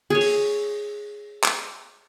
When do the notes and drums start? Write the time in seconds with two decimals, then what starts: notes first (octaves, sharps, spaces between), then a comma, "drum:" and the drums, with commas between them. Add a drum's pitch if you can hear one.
0.10 G#4 C#5
0.21 drum: open hi-hat
1.44 drum: clap